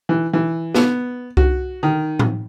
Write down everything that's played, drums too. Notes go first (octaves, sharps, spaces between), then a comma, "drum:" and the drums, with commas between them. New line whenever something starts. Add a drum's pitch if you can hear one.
E3
E3
B3, drum: snare
F#4, drum: kick C2
D#3
drum: tom A2